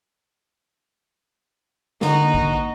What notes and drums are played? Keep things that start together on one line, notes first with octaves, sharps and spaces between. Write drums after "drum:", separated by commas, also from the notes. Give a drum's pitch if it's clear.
D3 A#3 D#4 F#4, drum: snare
drum: kick A1